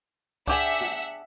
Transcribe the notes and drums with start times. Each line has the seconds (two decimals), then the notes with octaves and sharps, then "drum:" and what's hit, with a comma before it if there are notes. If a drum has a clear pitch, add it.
0.47 D4 G4 G#4 E5 F#5 E6, drum: kick C2
0.81 drum: snare